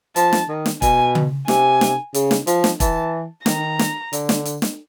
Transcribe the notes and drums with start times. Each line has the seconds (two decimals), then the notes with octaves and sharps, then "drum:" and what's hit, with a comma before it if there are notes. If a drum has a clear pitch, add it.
0.16 F3 A5, drum: hi-hat
0.33 drum: snare
0.49 D#3
0.66 drum: snare
0.82 B2 G#5, drum: kick E1, hi-hat
1.15 drum: tom C#3
1.48 C3 G#5, drum: snare
1.81 drum: snare
2.14 C#3, drum: hi-hat
2.31 drum: snare
2.47 F3, drum: hi-hat
2.64 drum: snare
2.80 E3 A5, drum: kick E1, hi-hat
3.46 D#3 A#5, drum: snare
3.79 drum: snare
4.13 D3, drum: hi-hat
4.29 drum: snare
4.45 drum: hi-hat
4.62 drum: snare